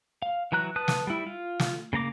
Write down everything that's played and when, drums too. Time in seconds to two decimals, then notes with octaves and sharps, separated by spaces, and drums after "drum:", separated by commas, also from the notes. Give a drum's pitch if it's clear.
0.22 F5
0.52 E3 F#3 A#5 F#6
0.76 B4 A5 D#6 F#6
0.88 drum: snare
1.07 G3 E4
1.27 F4
1.60 drum: snare
1.93 C#3 A#3 A#5 D6